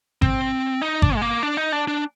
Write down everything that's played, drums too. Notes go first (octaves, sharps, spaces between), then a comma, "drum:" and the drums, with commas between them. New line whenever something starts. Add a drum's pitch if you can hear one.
C4, drum: kick G#1
D#4
D4, drum: kick G#1
G#3
A#3
D4
D#4
D4
D4